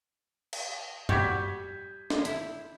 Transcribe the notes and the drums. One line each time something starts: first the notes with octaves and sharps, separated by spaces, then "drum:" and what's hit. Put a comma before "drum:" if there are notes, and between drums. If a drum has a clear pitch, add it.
drum: cymbal
G3 F#4 G4 G6 G#6 B6, drum: tom
drum: snare
E4, drum: hi-hat